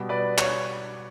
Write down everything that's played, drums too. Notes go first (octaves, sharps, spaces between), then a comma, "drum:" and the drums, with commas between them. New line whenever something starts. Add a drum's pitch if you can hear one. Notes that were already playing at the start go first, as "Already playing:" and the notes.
Already playing: B2 G3 B3
B4 D5
C#5, drum: clap